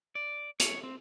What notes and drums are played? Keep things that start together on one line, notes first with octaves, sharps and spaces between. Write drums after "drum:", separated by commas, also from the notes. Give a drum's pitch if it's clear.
D5
C#5, drum: hi-hat
C4